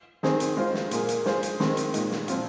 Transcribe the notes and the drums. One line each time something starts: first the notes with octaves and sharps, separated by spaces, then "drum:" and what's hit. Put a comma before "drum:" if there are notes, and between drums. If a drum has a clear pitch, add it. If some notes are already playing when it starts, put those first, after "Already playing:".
D#3 C4 D#4 G#4 C5, drum: snare
drum: hi-hat
G#3 F4 C5
drum: snare
A#2 A#3 G#4, drum: hi-hat
drum: hi-hat
G#3 F4 G#4 C5, drum: snare
drum: hi-hat
D#3 G#3 C4, drum: snare
drum: hi-hat
A#2 G#3 D#4, drum: hi-hat
drum: snare
A#2 F3 C4 F4, drum: hi-hat